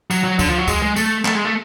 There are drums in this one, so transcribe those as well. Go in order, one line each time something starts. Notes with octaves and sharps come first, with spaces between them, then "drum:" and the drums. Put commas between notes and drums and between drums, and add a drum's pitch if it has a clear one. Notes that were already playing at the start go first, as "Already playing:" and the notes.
F#3, drum: tambourine
F#3
D3, drum: kick C#2, tambourine
F3
F#3
G#3, drum: kick C#2, tambourine
G#3
A3, drum: tambourine
A3, drum: clap
G#3
A3